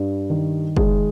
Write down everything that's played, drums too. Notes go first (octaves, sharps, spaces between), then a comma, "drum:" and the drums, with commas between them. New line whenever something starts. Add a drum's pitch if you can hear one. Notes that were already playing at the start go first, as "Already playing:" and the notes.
Already playing: G2
D#3
G#3, drum: kick